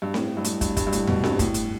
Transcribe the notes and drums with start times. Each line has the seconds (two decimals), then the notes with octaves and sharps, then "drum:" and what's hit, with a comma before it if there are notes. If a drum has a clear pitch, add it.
0.02 G2
0.14 A2, drum: snare C4
0.37 G2
0.44 A2, drum: hi-hat
0.61 G2, drum: kick, hi-hat
0.77 G2, drum: kick, hi-hat
0.87 G2
0.92 A2, drum: hi-hat
1.07 B2, drum: tom E2
1.24 G2, drum: snare C4
1.39 A2, drum: kick, hi-hat
1.54 drum: hi-hat